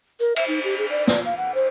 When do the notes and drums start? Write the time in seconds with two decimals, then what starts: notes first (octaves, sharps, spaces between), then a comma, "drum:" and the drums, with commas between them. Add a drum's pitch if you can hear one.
0.20 A#4
0.36 E5, drum: cymbal
0.48 D#4
0.64 G4
0.78 G#4
0.90 D5
1.07 D5, drum: snare
1.25 F5
1.37 F#5
1.55 C5